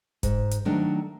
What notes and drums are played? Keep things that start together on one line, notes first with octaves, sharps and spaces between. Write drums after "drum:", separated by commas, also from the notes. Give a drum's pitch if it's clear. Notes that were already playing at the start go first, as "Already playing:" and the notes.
G#2, drum: kick F1, hi-hat
drum: hi-hat
D#3 F#3 A3 D4